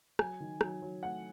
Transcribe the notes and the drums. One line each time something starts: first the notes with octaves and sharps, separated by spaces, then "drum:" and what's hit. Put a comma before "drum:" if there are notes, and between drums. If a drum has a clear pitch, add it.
F#3 G#5, drum: rim click
D#3
F#3, drum: rim click
F#3
A3 F#5